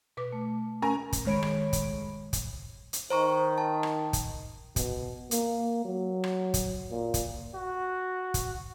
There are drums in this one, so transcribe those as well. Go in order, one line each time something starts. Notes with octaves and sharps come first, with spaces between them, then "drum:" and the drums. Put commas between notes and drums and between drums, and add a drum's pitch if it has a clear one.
B2 B4 D6
A3
C#4 A#4 G#5 A#5
drum: kick, hi-hat
A2 D#3 G#3 C#5 B5 D7
drum: rim click
drum: kick, hi-hat
drum: kick, hi-hat
drum: hi-hat
D#3 C5 A#5 C#6
A5
drum: rim click
drum: kick, hi-hat
B2, drum: kick, hi-hat
A#3, drum: hi-hat
F#3
drum: rim click
drum: kick, hi-hat
A#2
drum: kick, hi-hat
F#4
drum: kick, hi-hat